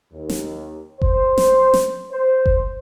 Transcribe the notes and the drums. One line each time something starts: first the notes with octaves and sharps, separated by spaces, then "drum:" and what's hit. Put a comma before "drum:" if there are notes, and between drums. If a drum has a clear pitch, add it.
D#2
drum: snare
C5, drum: kick F#1
drum: snare
drum: snare
C5
drum: kick F#1